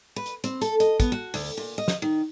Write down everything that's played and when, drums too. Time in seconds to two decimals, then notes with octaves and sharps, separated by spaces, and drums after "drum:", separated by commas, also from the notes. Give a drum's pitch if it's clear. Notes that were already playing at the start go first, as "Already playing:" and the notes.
0.16 B4
0.26 drum: hi-hat
0.44 C4, drum: hi-hat
0.61 A4, drum: hi-hat
0.80 D#5, drum: hi-hat
1.00 B3, drum: kick, hi-hat
1.12 F#4
1.34 D2, drum: open hi-hat
1.57 A#2
1.78 D#5
1.88 drum: snare
2.02 D#3